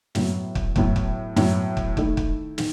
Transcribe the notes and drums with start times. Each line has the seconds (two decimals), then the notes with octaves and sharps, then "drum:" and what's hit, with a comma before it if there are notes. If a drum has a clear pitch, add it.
0.15 A2 F#3 B3, drum: snare
0.55 drum: kick
0.76 A2 F#3 B3, drum: kick
0.96 drum: kick
1.36 A2 F#3 B3, drum: snare
1.77 drum: kick
1.97 D#3 A3 E4, drum: kick
2.17 drum: kick
2.58 D#3, drum: snare